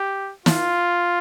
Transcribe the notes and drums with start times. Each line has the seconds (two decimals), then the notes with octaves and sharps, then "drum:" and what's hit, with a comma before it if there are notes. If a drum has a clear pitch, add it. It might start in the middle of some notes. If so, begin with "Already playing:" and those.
Already playing: G4
0.46 F4, drum: snare